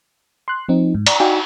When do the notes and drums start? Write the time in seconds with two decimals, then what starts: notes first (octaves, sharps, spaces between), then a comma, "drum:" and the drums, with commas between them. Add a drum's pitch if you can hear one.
0.48 C6 F#6
0.68 F3 C4 D#4
0.95 G#2
1.06 D5 A#5, drum: cymbal
1.20 D#4 F#4 D5 F5 G5 G#5